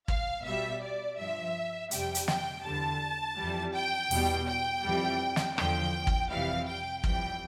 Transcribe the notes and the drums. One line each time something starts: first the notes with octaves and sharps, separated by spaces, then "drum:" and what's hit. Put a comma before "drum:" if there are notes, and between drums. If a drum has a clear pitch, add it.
F5, drum: kick
B2 G3 E5
D5
G2 F3 E5
F2 C3 G3 G5, drum: hi-hat
drum: hi-hat
G5, drum: snare
E2 D3 G3 A5
F2 E3 G3
G5
E2 B2 G3, drum: open hi-hat
G5
F2 E3 G3
drum: snare
E2 D3 F3 G5, drum: rim click
drum: kick
F2 C3 E3 G3 F5
G5
F2 E3 G3 G5, drum: kick